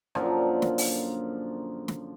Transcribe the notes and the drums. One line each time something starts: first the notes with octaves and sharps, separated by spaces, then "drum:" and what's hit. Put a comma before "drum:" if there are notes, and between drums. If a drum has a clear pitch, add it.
F#2 A#2 D3 F3, drum: rim click
drum: snare
drum: open hi-hat
drum: snare